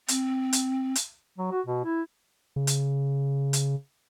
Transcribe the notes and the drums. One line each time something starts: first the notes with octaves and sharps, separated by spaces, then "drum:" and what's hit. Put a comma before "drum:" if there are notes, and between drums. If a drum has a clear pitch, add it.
C4, drum: hi-hat
drum: hi-hat
drum: hi-hat
F#3
F#4
B2
E4
C#3
drum: hi-hat
drum: hi-hat